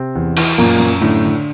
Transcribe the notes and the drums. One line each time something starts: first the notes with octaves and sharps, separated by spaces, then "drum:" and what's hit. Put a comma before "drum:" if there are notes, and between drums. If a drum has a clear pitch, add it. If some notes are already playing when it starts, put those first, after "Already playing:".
Already playing: C3 C4
E2
E3, drum: cymbal
F#2 A#2 A#3
F#2
A2 D3 A3
D3